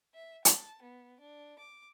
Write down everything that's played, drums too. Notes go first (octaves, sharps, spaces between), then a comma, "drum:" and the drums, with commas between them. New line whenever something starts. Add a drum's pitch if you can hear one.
E5
A5, drum: hi-hat
B3
D4
D6